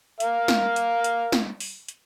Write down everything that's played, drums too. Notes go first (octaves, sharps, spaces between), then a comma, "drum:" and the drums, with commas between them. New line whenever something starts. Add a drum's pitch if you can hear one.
A#4 F5, drum: hi-hat
drum: snare
drum: hi-hat
drum: hi-hat
drum: snare
drum: open hi-hat
drum: hi-hat